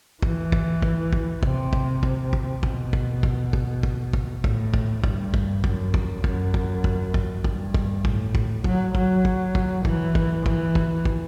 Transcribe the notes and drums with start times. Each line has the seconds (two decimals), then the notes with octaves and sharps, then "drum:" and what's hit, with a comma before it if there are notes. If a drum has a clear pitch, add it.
0.22 E3, drum: kick
0.52 drum: kick
0.82 drum: kick
1.13 drum: kick
1.43 C3, drum: kick
1.73 drum: kick
2.03 drum: kick
2.33 drum: kick
2.63 B2, drum: kick
2.93 drum: kick
3.23 drum: kick
3.53 drum: kick
3.83 drum: kick
4.13 drum: kick
4.44 A2, drum: kick
4.74 drum: kick
5.04 G2, drum: kick
5.34 drum: kick
5.64 F#2, drum: kick
5.94 drum: kick
6.24 F#2, drum: kick
6.54 drum: kick
6.84 drum: kick
7.14 drum: kick
7.44 G2, drum: kick
7.74 drum: kick
8.05 A2, drum: kick
8.35 drum: kick
8.64 F#3, drum: kick
8.95 F#3, drum: kick
9.25 drum: kick
9.55 drum: kick
9.85 E3, drum: kick
10.15 drum: kick
10.46 E3, drum: kick
10.75 drum: kick
11.05 drum: kick